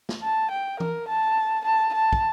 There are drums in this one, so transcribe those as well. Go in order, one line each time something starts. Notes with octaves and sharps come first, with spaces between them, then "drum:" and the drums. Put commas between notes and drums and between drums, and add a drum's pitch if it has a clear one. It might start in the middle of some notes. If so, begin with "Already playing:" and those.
drum: snare
A5
G5
A#4, drum: tom E3
A5
A5
A5
drum: kick